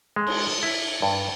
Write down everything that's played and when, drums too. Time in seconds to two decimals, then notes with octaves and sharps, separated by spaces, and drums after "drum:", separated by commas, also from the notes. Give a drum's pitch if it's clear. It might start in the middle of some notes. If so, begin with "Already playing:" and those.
0.16 G#3
0.27 drum: cymbal
0.63 E4
1.02 G2